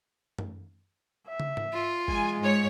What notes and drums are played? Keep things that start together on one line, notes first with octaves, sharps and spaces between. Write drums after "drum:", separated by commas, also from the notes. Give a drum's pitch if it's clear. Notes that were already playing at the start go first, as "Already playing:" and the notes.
drum: tom
E5
drum: tom
drum: tom
F4
G#3 G#5, drum: kick
G#2 C#5